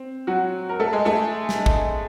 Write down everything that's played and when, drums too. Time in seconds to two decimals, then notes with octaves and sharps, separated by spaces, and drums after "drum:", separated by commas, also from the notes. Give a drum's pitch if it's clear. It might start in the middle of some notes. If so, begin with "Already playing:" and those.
Already playing: C4
0.27 F#3 F#4
0.69 A#4
0.79 A3 A4
0.93 G#3 G#4
1.05 A3 A4
1.49 drum: snare
1.66 drum: kick